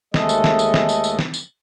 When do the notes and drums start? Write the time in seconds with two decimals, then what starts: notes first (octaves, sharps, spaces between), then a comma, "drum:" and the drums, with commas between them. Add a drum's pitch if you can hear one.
0.14 D#2 G#3 A3 A4 D#5, drum: snare
0.29 drum: tambourine
0.44 drum: snare
0.59 drum: tambourine
0.74 drum: snare
0.89 drum: tambourine
1.04 drum: tambourine
1.19 drum: snare
1.34 drum: tambourine